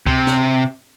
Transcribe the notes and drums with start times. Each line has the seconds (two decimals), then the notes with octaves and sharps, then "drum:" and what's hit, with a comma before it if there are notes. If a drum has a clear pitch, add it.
0.07 C3, drum: kick C#2
0.27 drum: snare